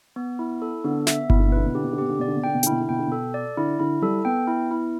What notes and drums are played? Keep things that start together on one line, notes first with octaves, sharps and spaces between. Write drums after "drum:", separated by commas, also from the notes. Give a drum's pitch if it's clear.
B3
E4
A4
D3 B3
E5, drum: snare
B2 E4, drum: kick G1
D3
B2
D3 B4
B2
D3 G4
B2
D3
B2 G4
D3
B2 D5
D3
B2
D3 G5
B2
D3, drum: hi-hat
B2 E4
D3
B2 G5
D3
B2 A4
D5
D3 E4
D3 E4
G3 A4
B3 G5
E4
E4